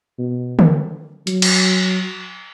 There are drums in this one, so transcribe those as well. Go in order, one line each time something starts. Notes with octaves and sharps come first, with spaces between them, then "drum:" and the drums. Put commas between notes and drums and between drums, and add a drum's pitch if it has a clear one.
B2
drum: tom D3
F#3, drum: hi-hat
drum: cymbal